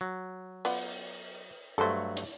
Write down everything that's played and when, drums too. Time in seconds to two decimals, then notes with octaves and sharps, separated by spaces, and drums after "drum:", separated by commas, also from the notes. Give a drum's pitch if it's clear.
0.01 F#3
0.65 B3 F4 D5, drum: open hi-hat
1.78 G2 F#3 A3 A4 C5
2.17 drum: hi-hat